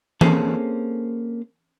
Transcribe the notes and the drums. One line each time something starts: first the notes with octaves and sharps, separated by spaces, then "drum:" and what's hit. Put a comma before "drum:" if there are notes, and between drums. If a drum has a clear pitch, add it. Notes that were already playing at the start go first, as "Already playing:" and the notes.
A#3 C4 C#4 G#4 A4, drum: tom E3